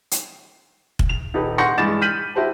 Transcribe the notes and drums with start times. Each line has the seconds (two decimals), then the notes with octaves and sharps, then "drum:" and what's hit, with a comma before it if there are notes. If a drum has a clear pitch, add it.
0.11 drum: hi-hat
0.99 drum: kick
1.09 F7
1.34 D#1 D#4 G4 B4
1.58 F#5 C6 C#6 G6 A#6 C#7
1.78 G2 E3 G#3 D6 A6 E7
2.01 F6 G6 B6 D#7 F#7
2.35 E4 F#4 G4 C5 A5